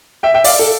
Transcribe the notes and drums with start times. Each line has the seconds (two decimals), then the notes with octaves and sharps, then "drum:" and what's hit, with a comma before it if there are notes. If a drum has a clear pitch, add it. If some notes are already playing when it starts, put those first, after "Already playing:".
0.23 E5 G5
0.34 E5 G5
0.44 D5 F5, drum: open hi-hat
0.59 A4